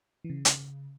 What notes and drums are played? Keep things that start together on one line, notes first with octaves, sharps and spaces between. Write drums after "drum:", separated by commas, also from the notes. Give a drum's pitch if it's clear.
E3
C#3
drum: hi-hat